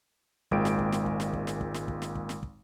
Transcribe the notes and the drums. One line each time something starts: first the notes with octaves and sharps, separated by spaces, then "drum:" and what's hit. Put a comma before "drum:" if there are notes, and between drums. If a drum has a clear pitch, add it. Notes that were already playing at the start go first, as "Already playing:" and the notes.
G#1 A#2 G#3 G5 D7, drum: kick
drum: snare
drum: kick
drum: snare
drum: kick
drum: snare
drum: kick
drum: snare
drum: kick
drum: snare
drum: kick
drum: snare
drum: kick
drum: snare
drum: kick